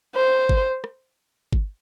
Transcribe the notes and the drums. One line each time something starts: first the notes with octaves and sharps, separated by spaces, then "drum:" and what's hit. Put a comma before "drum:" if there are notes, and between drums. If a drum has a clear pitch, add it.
C5
drum: kick G1
drum: rim click
drum: kick G1